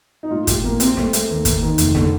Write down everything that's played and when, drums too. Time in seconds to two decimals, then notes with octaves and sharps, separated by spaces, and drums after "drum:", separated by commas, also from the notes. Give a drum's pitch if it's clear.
0.23 D#4
0.30 A2 F4
0.47 A2 G4, drum: kick G1, hi-hat
0.64 A#1 A#3
0.80 C4 G4, drum: hi-hat
0.97 A3, drum: snare
1.13 A3, drum: hi-hat
1.29 D#2
1.45 D#2, drum: kick G1, hi-hat
1.62 D#3
1.78 F1, drum: hi-hat
1.95 D3, drum: snare